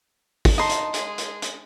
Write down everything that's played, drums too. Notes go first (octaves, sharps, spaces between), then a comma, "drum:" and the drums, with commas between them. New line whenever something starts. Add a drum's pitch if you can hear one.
drum: kick, open hi-hat
D#4 D#5 A5 C6
drum: hi-hat
G#3 G#4, drum: hi-hat
drum: hi-hat
drum: hi-hat